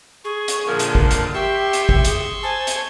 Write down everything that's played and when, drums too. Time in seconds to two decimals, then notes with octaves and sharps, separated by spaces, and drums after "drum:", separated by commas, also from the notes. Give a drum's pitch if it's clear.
0.24 G#4 C#6
0.48 drum: hi-hat
0.66 A#2 D3 F3 A#4
0.79 drum: hi-hat
0.95 drum: kick G#1
1.11 drum: hi-hat
1.34 G4 E5 G5 C6 C#6 E6
1.73 drum: hi-hat
1.89 drum: kick G#1
2.04 G#4, drum: hi-hat
2.43 C5 G#5 A5
2.67 drum: hi-hat